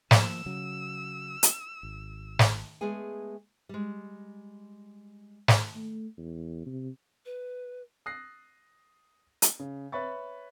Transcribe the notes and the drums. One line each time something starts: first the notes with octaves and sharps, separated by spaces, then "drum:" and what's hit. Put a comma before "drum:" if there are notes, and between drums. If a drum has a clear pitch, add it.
F3 A#3 E6, drum: snare
C#3 F#3
drum: hi-hat
G#1
drum: snare
G#3 A3 B3 G#4 G#5
G3 G#3
drum: snare
A3
E2
C3
B4
D#6 F#6 A#6 C7
drum: hi-hat
C#3
B4 C#5 E5 B5 C#6 A6